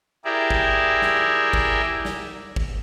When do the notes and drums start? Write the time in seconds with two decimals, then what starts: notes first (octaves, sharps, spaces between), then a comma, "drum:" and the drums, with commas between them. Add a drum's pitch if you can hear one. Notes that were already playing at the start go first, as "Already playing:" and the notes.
0.25 E4 G4 G#4 A#4 D5 E5
0.50 drum: kick
1.02 drum: snare
1.53 drum: kick
2.05 drum: snare
2.56 drum: kick